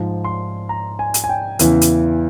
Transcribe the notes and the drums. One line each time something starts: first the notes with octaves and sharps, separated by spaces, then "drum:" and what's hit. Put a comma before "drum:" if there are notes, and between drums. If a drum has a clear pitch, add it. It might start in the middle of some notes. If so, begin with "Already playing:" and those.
Already playing: G#2 F3
C6
A#5
G#5
drum: hi-hat
G#5
G5
E2 C#3 E3, drum: hi-hat
drum: hi-hat